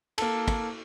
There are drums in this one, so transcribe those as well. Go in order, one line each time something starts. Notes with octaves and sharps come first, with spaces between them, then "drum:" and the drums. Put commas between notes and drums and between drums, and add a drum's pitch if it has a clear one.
A#3 A4, drum: cymbal
drum: kick, cymbal